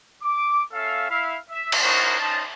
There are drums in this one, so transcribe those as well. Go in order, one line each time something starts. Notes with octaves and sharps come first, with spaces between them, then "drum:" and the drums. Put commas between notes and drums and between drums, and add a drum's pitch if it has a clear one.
D6
C#4 A4 E5 F5
E4 E5 F5
E5
drum: cymbal
C#4 D#4 E4 F#4 A#4 C5
C#4 D#4 C5 A5